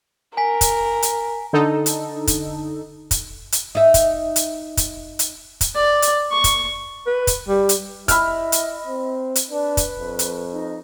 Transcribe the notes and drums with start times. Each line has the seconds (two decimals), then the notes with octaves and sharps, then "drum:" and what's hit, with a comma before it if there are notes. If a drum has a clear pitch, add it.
0.37 A#4 G#5 B6
0.61 drum: kick, hi-hat
1.02 drum: hi-hat
1.53 D3 D#4 A4
1.86 drum: hi-hat
2.27 drum: kick, hi-hat
3.11 drum: kick, hi-hat
3.52 drum: hi-hat
3.75 D#4 E5
3.94 drum: kick, hi-hat
4.36 drum: hi-hat
4.77 drum: kick, hi-hat
5.19 drum: hi-hat
5.61 drum: kick, hi-hat
5.75 D5
6.02 drum: hi-hat
6.32 C#6
6.44 drum: kick, hi-hat
7.06 B4
7.27 drum: kick, hi-hat
7.48 G3
7.69 drum: hi-hat
8.08 E4 D#5 B5 E6 F6, drum: kick, hi-hat
8.52 drum: hi-hat
8.87 C4
9.36 drum: hi-hat
9.51 D4 B4
9.77 drum: kick, hi-hat
9.99 F2
10.19 drum: hi-hat
10.52 D#4